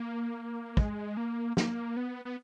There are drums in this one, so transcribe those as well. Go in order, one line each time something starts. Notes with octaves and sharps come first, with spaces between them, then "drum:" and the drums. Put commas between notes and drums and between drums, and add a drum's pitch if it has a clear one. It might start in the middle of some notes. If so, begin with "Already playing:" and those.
Already playing: A#3
G#3, drum: kick
A#3
A#3, drum: snare
B3
B3